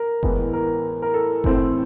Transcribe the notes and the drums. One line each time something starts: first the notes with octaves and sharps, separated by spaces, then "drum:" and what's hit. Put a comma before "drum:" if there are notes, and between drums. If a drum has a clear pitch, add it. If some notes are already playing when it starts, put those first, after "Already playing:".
Already playing: A#4
A2 E3 G#3 B3, drum: kick F#1
A#4
A#4
A4
A2 E3 A3 C4, drum: kick F#1